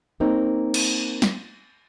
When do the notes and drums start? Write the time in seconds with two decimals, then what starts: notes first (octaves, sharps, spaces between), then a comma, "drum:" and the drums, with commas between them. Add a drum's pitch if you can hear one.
0.20 A#3 C4 D#4
0.74 drum: cymbal
1.22 drum: snare